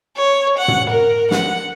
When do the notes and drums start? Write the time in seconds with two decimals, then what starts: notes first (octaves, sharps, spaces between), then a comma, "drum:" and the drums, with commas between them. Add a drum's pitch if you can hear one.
0.17 C#5
0.57 F#5
0.68 drum: tom
0.90 A#4
1.31 F#5, drum: snare